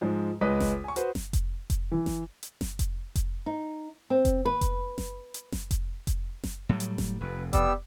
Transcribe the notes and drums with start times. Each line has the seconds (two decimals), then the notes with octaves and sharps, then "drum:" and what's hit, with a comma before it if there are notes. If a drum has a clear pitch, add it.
0.01 G#2 F3 G#3
0.41 C#2 G#3 B4 D#5 D#6 B6
0.60 drum: snare F#1
0.84 G#5 C#6
0.96 F#4 B4 C5, drum: hi-hat
1.15 drum: snare F#1
1.33 drum: kick F1, hi-hat
1.70 drum: kick F1, hi-hat
1.92 E3
2.06 drum: snare F#1
2.43 drum: hi-hat
2.61 drum: snare F#1
2.79 drum: kick F1, hi-hat
3.15 drum: kick F1, hi-hat
3.46 D#4
4.10 C4
4.25 drum: kick F1, hi-hat
4.45 B4, drum: tom A#3
4.61 drum: kick F1, hi-hat
4.98 drum: snare F#1
5.34 drum: hi-hat
5.52 drum: snare F#1
5.71 drum: kick F1, hi-hat
6.07 drum: kick F1, hi-hat
6.44 drum: snare F#1
6.69 A2 F#3 G3
6.80 drum: hi-hat
6.98 drum: snare F#1
7.21 F1 F2 B4
7.53 G3 B3 G4 E6, drum: kick F1, hi-hat